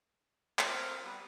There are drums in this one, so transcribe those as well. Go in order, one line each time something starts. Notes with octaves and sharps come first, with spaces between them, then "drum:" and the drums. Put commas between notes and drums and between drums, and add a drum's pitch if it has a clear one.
C4 F4 A#4 C5, drum: clap
G3 B3 B4 D#6